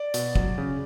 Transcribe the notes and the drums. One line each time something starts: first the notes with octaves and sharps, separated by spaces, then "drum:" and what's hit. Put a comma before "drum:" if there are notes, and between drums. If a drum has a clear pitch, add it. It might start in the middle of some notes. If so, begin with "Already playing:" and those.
Already playing: D5
B2, drum: hi-hat
F#3, drum: kick
C#3